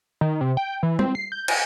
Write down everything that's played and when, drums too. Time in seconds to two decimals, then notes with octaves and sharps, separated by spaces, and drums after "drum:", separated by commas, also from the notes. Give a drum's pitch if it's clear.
0.21 D#3
0.41 C3
0.57 G5
0.83 E3
0.99 C4, drum: tom
1.15 C7
1.32 G6
1.48 G#5, drum: cymbal